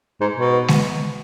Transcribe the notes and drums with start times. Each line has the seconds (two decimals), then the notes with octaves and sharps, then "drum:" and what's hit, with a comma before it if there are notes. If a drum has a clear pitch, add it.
0.21 G#2
0.36 B2
0.68 drum: snare G#3